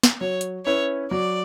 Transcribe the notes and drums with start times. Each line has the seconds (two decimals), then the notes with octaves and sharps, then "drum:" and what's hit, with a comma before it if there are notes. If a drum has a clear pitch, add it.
0.03 drum: snare
0.21 F#3 C#5
0.41 drum: hi-hat
0.65 C#4 E4 B4 C#5
1.11 F#3 D5